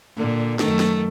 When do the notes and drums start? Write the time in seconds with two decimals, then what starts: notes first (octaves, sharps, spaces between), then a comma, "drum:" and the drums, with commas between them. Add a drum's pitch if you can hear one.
0.16 A#2 D3
0.59 F#2 D#3 A3, drum: snare
0.79 drum: snare